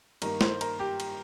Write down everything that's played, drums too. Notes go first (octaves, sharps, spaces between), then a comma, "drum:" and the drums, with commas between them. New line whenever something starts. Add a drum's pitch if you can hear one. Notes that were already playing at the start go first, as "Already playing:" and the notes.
G2 D#3 A#3 A#4, drum: cymbal
C5, drum: snare
A#4, drum: cymbal
G4
drum: cymbal